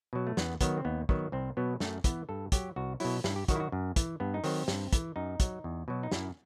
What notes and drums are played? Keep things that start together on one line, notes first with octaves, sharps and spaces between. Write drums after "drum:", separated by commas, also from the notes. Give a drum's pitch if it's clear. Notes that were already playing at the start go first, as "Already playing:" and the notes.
B2 F#3
A3
E2 B3, drum: snare
D#3 F#3 B3, drum: kick, hi-hat
C4
D#2 B3
D#3 F#3 B3, drum: kick
C2 C4
B2 F#3 B3
F#2 A3, drum: snare
E3 B3, drum: kick, hi-hat
G2 A4
F#3 G4, drum: kick, hi-hat
C2 F#4
B2 F#3 E4, drum: open hi-hat
G2 E4, drum: snare
G4
D#3 F#3 F#4, drum: kick, hi-hat
E4
F#4
F#2
E3, drum: kick, hi-hat
G2 B3
D#4
D#3 F#3 C4, drum: open hi-hat
G2, drum: snare
E3, drum: kick, hi-hat
F#2 D#4
F#3, drum: kick, hi-hat
E2
B2 F#3
D#4
F#2 E4, drum: snare